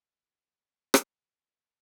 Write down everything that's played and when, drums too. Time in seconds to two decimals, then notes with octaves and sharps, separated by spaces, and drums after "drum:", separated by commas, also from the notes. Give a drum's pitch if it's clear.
0.21 D#4 E4 A#4
0.94 drum: rim click